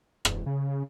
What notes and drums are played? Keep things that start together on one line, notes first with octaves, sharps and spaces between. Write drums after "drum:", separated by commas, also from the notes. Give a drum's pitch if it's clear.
E1, drum: rim click
C#3